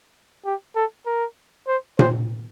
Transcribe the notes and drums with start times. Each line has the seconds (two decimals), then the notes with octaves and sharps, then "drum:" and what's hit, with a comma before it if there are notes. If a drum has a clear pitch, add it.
0.45 G4
0.75 A4
1.06 A#4
1.68 C5
1.99 C5, drum: tom A#2